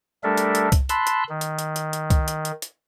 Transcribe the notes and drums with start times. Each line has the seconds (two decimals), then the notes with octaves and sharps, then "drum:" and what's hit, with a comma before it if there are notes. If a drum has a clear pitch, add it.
0.24 G3 A3 D4 A4 A#4 E5
0.37 drum: hi-hat
0.55 drum: hi-hat
0.72 drum: kick C2, hi-hat
0.89 A5 B5 C6 E6 F#6, drum: hi-hat
1.07 drum: hi-hat
1.29 D#3
1.41 drum: hi-hat
1.59 drum: hi-hat
1.76 drum: hi-hat
1.93 drum: hi-hat
2.10 drum: kick C2, hi-hat
2.28 drum: hi-hat
2.45 drum: hi-hat
2.62 drum: hi-hat